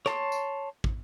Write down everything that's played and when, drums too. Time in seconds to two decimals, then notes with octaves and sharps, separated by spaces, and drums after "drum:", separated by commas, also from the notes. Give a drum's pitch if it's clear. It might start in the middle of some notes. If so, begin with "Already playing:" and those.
0.06 C#5 A5 C6, drum: rim click
0.32 drum: tambourine
0.84 drum: kick